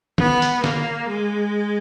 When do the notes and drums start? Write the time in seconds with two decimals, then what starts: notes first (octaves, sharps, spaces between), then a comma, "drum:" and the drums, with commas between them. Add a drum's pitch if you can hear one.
0.18 B3, drum: tom
0.42 drum: hi-hat
0.64 A#3, drum: snare
1.08 G#3